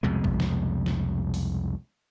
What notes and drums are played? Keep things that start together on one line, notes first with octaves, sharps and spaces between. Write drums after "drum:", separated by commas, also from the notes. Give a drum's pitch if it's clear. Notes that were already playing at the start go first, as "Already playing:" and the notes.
C2 F2 B2 G#3
drum: kick A1
drum: snare
drum: snare
drum: open hi-hat